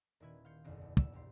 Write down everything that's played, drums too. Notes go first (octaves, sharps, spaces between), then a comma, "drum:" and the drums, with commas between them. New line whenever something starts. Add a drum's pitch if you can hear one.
D#1 A#2 D#3 E4 B4 G#6
F5 C6 G6 C#7
F#1 B1 E2 D3
B2
E6, drum: kick
D2 G2 G4 C6